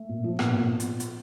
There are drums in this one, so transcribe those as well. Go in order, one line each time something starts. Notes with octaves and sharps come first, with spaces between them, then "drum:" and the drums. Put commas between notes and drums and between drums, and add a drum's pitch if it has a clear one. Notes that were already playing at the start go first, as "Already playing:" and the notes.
Already playing: A3
A#2
F3
A#2 B3, drum: rim click
A#2
drum: hi-hat
drum: hi-hat